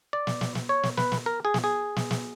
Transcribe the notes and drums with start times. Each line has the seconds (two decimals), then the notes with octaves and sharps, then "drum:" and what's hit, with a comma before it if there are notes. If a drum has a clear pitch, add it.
0.13 D5
0.27 drum: snare
0.41 drum: snare
0.55 drum: snare
0.69 C#5
0.83 drum: snare
0.97 B4, drum: snare
1.12 drum: snare
1.26 A#4
1.45 G#4
1.54 drum: snare
1.64 G#4
1.96 drum: snare
2.11 drum: snare